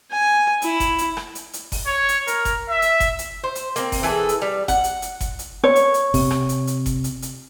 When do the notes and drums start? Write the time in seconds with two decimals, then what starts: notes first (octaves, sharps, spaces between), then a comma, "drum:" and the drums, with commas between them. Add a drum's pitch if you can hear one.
0.11 G#5
0.62 E4, drum: hi-hat
0.80 drum: kick F#1, hi-hat
0.98 drum: hi-hat
1.17 drum: rim click
1.35 drum: hi-hat
1.53 drum: hi-hat
1.72 drum: kick F#1, open hi-hat
1.87 C#5
2.09 drum: hi-hat
2.27 A#4, drum: hi-hat
2.45 drum: kick F#1, hi-hat
2.69 E5
2.82 drum: hi-hat
3.00 drum: kick F#1, hi-hat
3.19 drum: hi-hat
3.44 C5
3.55 drum: hi-hat
3.76 A#3 C4, drum: hi-hat
3.92 drum: kick F#1, open hi-hat
4.03 E3 G#4 A4
4.29 drum: hi-hat
4.42 G3
4.68 F#5, drum: kick F#1, hi-hat
4.84 drum: hi-hat
5.02 drum: hi-hat
5.20 drum: kick F#1, hi-hat
5.39 drum: hi-hat
5.64 C#5
5.76 drum: hi-hat
5.94 drum: hi-hat
6.14 C3, drum: kick F#1, open hi-hat
6.31 drum: rim click
6.49 drum: hi-hat
6.67 drum: hi-hat
6.86 drum: kick F#1, hi-hat
7.04 drum: hi-hat
7.22 drum: hi-hat